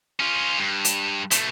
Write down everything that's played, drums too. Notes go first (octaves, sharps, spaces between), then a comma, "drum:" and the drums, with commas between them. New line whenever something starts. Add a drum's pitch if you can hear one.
C#4 F4
G2
drum: hi-hat
B2 A3, drum: hi-hat